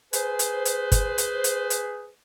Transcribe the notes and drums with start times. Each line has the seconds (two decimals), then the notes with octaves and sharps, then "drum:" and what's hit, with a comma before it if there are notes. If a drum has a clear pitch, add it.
0.13 G#4 B4 C5, drum: hi-hat
0.39 drum: hi-hat
0.65 drum: hi-hat
0.92 drum: kick G1, hi-hat
1.18 drum: hi-hat
1.44 drum: hi-hat
1.70 drum: hi-hat